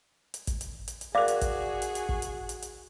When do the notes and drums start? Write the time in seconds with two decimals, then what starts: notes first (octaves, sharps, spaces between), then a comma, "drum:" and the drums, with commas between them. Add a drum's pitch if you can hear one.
0.34 drum: hi-hat
0.47 drum: kick, hi-hat
0.61 drum: hi-hat
0.88 drum: hi-hat
1.01 drum: hi-hat
1.15 F#4 G#4 A#4 D5 F5 D6
1.28 drum: hi-hat
1.42 drum: kick, hi-hat
1.82 drum: hi-hat
1.95 drum: hi-hat
2.09 drum: kick
2.22 drum: hi-hat
2.49 drum: hi-hat
2.63 drum: hi-hat